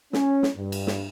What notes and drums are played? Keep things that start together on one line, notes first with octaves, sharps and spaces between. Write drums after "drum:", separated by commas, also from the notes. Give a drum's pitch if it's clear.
C#4, drum: snare
drum: snare
G2
drum: cymbal
drum: snare